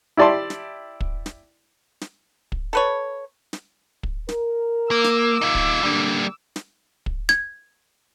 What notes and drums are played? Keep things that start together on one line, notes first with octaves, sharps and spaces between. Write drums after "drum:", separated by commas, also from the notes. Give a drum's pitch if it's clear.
E4 G4 D5 A5 C6
drum: snare
drum: kick
drum: snare
drum: snare
drum: kick
A4 B4 C#5
drum: snare
drum: kick
A#4, drum: snare
A#3 D6 E6
drum: snare
D#4 F4
drum: kick
D3 G3 A#3 D4
drum: snare
drum: kick
G#6, drum: snare